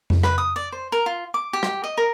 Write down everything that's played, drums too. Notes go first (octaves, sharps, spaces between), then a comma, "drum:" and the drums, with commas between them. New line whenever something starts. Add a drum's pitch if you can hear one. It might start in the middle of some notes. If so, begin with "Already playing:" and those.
drum: tom F2
B4, drum: rim click
D#6
D5
C5
A#4
F4
D6
G4
drum: rim click
D#5
A#4